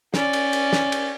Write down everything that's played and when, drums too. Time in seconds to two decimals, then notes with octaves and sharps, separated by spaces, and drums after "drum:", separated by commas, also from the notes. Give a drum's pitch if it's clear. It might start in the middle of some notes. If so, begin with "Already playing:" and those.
0.14 C#4 D5, drum: snare
0.33 drum: cymbal
0.53 drum: cymbal
0.73 drum: snare
0.92 drum: cymbal